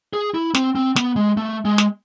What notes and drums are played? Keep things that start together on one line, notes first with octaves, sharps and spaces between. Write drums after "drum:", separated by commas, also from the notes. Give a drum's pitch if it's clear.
G#4
E4
C4, drum: snare
C4
B3, drum: snare
G#3
A3
G#3
drum: snare